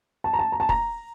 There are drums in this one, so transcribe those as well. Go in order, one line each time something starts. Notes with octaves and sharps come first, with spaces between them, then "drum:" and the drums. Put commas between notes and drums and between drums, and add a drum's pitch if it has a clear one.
A5
A#5
A5
A#5
A5
A#5, drum: kick